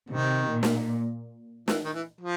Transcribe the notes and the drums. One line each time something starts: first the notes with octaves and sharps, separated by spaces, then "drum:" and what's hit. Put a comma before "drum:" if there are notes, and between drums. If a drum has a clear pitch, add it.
C3 D#3
A#2
drum: snare
E3, drum: snare
D#3
E3
F3